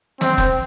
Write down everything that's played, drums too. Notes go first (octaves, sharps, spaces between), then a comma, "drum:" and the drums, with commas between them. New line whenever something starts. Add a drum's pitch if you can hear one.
C4, drum: snare
drum: kick, hi-hat